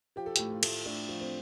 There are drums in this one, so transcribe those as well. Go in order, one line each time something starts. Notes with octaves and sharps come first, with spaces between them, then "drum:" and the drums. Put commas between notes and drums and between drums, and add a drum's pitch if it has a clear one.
F3 G4
A4
A2 G4, drum: hi-hat
F4
A3, drum: cymbal
A3 D4
F3
C4